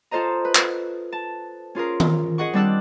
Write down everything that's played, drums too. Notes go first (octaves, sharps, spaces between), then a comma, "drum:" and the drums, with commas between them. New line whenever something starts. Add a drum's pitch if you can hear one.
F4 A4 C5 D#5 A#5
B4
drum: clap
A5
C#4 F4 G#4 A#4
drum: tom D#3
G#4 D#5 F#5 C#6
G3 C4 D4 D5 E6 F#6